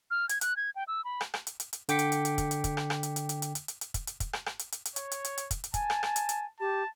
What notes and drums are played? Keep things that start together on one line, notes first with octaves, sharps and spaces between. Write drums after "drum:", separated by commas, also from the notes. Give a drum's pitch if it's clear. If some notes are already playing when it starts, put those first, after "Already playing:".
F6
G#6, drum: hi-hat
F#6, drum: hi-hat
G#6
G5
E6
B5
drum: rim click
drum: rim click
drum: hi-hat
drum: hi-hat
drum: hi-hat
D3 G5 D6 B6 C#7, drum: hi-hat
drum: hi-hat
drum: hi-hat
drum: hi-hat
drum: kick, hi-hat
drum: hi-hat
drum: kick, hi-hat
drum: rim click
drum: rim click
drum: hi-hat
drum: hi-hat
drum: hi-hat
drum: hi-hat
drum: hi-hat
drum: hi-hat
drum: hi-hat
drum: kick, hi-hat
drum: hi-hat
drum: kick, hi-hat
drum: rim click
drum: rim click
drum: hi-hat
drum: hi-hat
drum: hi-hat
C#5, drum: hi-hat
drum: hi-hat
drum: hi-hat
drum: hi-hat
drum: kick, hi-hat
drum: hi-hat
G#5 A5, drum: kick, hi-hat
drum: rim click
drum: rim click
drum: hi-hat
drum: hi-hat
G4 A5